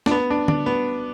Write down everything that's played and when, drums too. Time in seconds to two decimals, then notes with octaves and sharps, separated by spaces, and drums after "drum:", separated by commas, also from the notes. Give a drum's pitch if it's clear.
0.06 D4, drum: snare
0.11 B3
0.30 D4
0.48 D4, drum: tom D3
0.66 B3